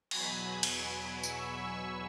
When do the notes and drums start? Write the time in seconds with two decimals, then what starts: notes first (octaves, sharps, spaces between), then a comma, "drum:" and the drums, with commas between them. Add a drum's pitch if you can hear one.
0.11 E2 B2 F#3 G#5 B5, drum: cymbal
0.63 drum: cymbal
1.23 C#6 E6, drum: tambourine